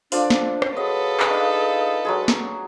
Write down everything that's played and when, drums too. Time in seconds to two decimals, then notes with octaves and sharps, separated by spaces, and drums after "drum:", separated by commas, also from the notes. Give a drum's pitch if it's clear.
0.12 F3 D4 F4 A4 D5, drum: open hi-hat
0.30 drum: snare
0.62 drum: rim click
0.77 F#3 G#4 A4 B4 D#5
1.20 drum: clap
1.30 D4 D#4 F5
2.05 F#3 G#3 G#4
2.28 drum: snare